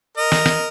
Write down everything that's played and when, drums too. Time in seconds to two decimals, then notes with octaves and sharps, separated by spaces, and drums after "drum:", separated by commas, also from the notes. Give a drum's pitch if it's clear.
0.17 A#4 D#5
0.32 drum: snare
0.46 drum: snare